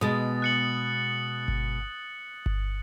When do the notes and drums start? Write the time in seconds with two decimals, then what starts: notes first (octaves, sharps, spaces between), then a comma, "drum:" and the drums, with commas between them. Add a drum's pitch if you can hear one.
0.01 B2 G#3 D#6 A6
0.42 F#6 C#7 F#7
1.48 drum: kick G1
2.46 drum: kick G1